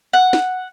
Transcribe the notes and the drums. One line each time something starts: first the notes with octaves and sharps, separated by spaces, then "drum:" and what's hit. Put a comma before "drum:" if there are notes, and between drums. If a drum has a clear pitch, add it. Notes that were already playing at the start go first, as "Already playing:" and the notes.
F#5
drum: snare